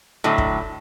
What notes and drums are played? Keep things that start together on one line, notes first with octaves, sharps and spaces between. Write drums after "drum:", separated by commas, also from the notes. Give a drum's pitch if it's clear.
A2 D3 F#3
drum: kick